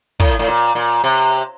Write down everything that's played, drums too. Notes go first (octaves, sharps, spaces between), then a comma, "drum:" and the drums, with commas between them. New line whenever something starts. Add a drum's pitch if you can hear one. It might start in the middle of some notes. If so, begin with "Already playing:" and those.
A2, drum: kick
A2
A#2
A#2
C3